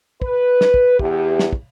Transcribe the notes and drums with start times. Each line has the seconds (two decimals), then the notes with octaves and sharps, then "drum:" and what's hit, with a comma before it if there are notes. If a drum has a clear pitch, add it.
0.22 B4, drum: kick
0.61 drum: snare
0.74 drum: kick
0.99 E2 G4, drum: kick
1.39 drum: snare
1.53 drum: kick